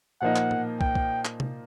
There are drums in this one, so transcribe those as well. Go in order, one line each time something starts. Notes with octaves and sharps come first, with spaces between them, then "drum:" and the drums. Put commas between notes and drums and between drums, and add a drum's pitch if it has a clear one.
A#2 F3 A#3 D#4 F#5
drum: clap
drum: tom A2
G5, drum: kick
drum: kick
drum: clap
drum: tom C3